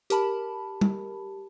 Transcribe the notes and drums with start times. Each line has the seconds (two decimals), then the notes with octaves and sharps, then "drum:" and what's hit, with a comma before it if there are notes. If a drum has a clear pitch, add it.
0.10 G4 A#4 A5 B5, drum: hi-hat
0.81 drum: tom G3